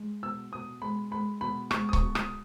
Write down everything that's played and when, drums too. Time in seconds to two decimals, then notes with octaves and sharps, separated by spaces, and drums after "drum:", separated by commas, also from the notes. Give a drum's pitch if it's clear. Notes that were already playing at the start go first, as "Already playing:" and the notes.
Already playing: G#3
0.23 B2 E6
0.52 B2 D#6
0.82 G#3 B5
1.11 G#3 B5
1.41 B2 B5
1.71 G#3 C#6, drum: rim click
1.89 D#6
1.93 C#6, drum: kick C#1
2.01 B2
2.15 D#6, drum: rim click